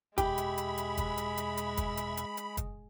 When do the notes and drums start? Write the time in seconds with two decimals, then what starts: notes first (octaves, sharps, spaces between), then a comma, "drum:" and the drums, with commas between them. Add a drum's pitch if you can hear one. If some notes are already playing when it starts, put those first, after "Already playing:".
0.18 E2 B2 G#3 G4 E5 B5, drum: kick, hi-hat
0.38 drum: hi-hat
0.58 drum: hi-hat
0.78 drum: hi-hat
0.98 drum: kick, hi-hat
1.17 drum: hi-hat
1.37 drum: hi-hat
1.57 drum: hi-hat
1.77 drum: kick, hi-hat
1.97 drum: hi-hat
2.17 drum: hi-hat
2.37 drum: hi-hat
2.57 drum: kick, hi-hat